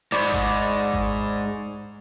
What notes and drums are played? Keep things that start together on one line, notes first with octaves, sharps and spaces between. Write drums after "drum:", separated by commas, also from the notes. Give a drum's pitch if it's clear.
G#2 D5 B5 C#6
drum: kick G#1
drum: kick G#1